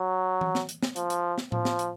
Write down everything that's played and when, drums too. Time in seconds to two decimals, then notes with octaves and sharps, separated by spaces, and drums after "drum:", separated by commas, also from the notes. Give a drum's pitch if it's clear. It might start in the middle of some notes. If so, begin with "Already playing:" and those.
Already playing: F#3
0.41 drum: tom E3
0.55 drum: snare
0.69 drum: hi-hat
0.83 drum: snare
0.96 F3, drum: hi-hat
1.10 drum: hi-hat
1.38 drum: snare
1.52 F3, drum: tom A2
1.65 drum: snare
1.79 drum: hi-hat